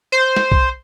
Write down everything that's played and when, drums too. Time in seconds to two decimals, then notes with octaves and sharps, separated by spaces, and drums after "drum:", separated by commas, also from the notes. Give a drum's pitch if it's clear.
0.12 C5
0.36 drum: snare
0.52 drum: kick B1